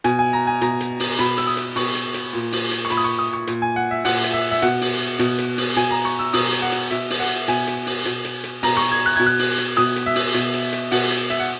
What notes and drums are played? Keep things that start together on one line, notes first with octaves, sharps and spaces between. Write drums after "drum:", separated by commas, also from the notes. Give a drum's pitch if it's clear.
B2 G#5, drum: hi-hat
G#5
A#5
G#5
B2 A#5, drum: hi-hat
drum: hi-hat
drum: open hi-hat
B2 B5, drum: hi-hat
E6, drum: hi-hat
D#6
drum: hi-hat
B2 C#6, drum: open hi-hat
drum: hi-hat
drum: hi-hat
A#2
drum: open hi-hat
drum: hi-hat
C#6
A#2 B5, drum: hi-hat
D#6
C#6
D#6
C#6
A#2, drum: hi-hat
G#5
F#5
E5
A#2 F#5, drum: open hi-hat
drum: hi-hat
E5
E5
B2 F#5, drum: hi-hat
drum: open hi-hat
B2, drum: hi-hat
drum: hi-hat
drum: open hi-hat
B2 G#5, drum: hi-hat
A#5
C#6
E6
B2 D#6, drum: open hi-hat
drum: hi-hat
F#5
drum: hi-hat
B2 E5, drum: hi-hat
drum: open hi-hat
F#5
B2 G#5, drum: hi-hat
drum: hi-hat
drum: open hi-hat
B2, drum: hi-hat
drum: hi-hat
drum: hi-hat
B2 A#5, drum: open hi-hat
C#6
G#6
F#6
B2 G#6
F#6
drum: open hi-hat
drum: hi-hat
B2 D#6, drum: hi-hat
drum: hi-hat
E5
drum: open hi-hat
B2, drum: hi-hat
drum: hi-hat
drum: hi-hat
B2 F#5, drum: open hi-hat
drum: hi-hat
E5, drum: hi-hat
F#5